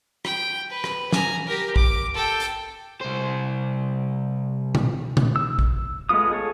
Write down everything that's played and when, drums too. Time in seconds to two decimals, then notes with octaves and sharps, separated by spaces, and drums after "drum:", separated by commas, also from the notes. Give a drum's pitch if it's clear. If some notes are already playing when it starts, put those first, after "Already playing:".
0.25 G5, drum: rim click
0.70 B4
0.84 drum: rim click
1.13 G#5 A#5, drum: snare
1.47 G4 A#4
1.76 D6, drum: kick
2.14 A4 G5
2.40 drum: hi-hat
3.01 C2 C5
4.75 drum: tom B2
5.17 drum: tom B2
5.36 E6
5.59 drum: kick
6.09 G#3 A3 B3 F4 D#6
6.31 G#4 A4 C#5